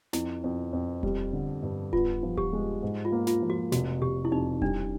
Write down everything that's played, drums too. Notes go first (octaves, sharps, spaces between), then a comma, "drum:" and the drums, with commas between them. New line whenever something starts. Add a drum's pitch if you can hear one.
F2 E4, drum: snare
F2
F2
G3, drum: kick D#1
D3
G2
B3 F4, drum: kick D#1
F3
G4, drum: kick D#1
G#3
G#2
F4
A#3
F4, drum: snare
F3
F#4
F1 F#4, drum: snare
F1 G4
E4
F2 D#4
G3 D4, drum: kick D#1